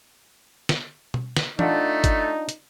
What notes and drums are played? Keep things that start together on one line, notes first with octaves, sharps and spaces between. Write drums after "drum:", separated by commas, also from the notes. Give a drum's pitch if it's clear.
drum: snare
drum: tom B2
drum: snare
A3 D4 D#4 F4 F#5, drum: tom E3
drum: kick, hi-hat
drum: hi-hat